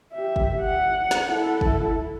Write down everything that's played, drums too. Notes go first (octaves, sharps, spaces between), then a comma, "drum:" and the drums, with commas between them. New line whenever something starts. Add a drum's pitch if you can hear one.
G4 E5
drum: kick
F#5
drum: snare
E4 A4
drum: kick